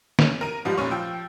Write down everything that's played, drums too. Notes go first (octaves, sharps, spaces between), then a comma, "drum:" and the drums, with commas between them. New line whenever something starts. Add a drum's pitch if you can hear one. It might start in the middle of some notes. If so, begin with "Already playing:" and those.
C#4, drum: snare
A#4 D#7
G#2 F3 G3
F1 A#2 C#4 C#6
F3 G5 E6